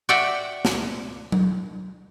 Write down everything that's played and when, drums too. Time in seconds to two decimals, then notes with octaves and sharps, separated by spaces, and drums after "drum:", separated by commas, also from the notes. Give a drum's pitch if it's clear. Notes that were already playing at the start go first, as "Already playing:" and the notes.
0.09 F#4 D5 E5 F#5 G5
0.65 drum: snare
1.32 drum: tom F#3